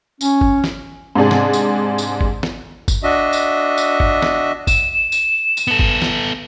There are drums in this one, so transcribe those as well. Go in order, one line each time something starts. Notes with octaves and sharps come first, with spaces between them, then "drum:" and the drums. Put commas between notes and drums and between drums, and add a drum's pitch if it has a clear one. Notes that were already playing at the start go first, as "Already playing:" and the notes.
C#4, drum: tambourine
drum: kick G1
drum: snare
G#2 C3 D4 G#4
drum: snare
drum: tambourine
drum: tambourine
drum: kick G1
drum: snare
drum: kick G1, tambourine
D4 F#4 D#5 E5
drum: tambourine
drum: tambourine
drum: kick G1
drum: snare
E7, drum: kick G1, tambourine
E7
drum: tambourine
drum: tambourine
B3 A4
drum: kick G1
drum: snare